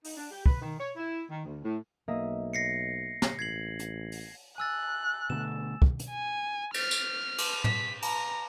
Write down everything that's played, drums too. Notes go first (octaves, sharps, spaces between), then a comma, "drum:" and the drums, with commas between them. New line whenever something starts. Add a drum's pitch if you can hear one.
D#4, drum: open hi-hat
D4
G4
B4, drum: kick
D#3
C#5
E4
D#3
D2
A2
B1 A#3 D#5 E5
A#6 C7 C#7
drum: snare
A1 G#6 C7 F#7
drum: hi-hat
drum: open hi-hat
G#5 E6 F#6 A6
B2 D3 A3 E7
drum: kick
drum: hi-hat
G#5
F6, drum: cymbal
drum: tambourine
drum: cymbal
B6, drum: tom
A#5, drum: cymbal